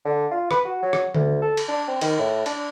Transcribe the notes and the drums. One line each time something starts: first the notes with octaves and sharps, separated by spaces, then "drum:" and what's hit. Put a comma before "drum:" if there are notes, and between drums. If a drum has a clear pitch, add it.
D3
F4
B4, drum: rim click
F#4
F#3
drum: rim click
D2, drum: tom D3
A4
drum: cymbal
D4
C4
D#3, drum: cymbal
A2
D4, drum: cymbal